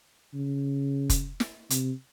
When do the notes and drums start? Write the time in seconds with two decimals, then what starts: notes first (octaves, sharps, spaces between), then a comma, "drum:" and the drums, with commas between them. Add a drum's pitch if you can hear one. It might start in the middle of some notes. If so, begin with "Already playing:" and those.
0.34 C#3
1.10 drum: kick F1, hi-hat
1.40 drum: snare
1.70 C3, drum: hi-hat